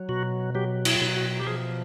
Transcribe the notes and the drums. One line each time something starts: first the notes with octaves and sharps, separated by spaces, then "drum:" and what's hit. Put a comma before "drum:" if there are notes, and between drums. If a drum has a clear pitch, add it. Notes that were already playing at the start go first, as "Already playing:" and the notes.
Already playing: F#3
B2 F#4
F#3 G4
E4, drum: cymbal
F4
B2 E4
F#4
G4
F3 G#4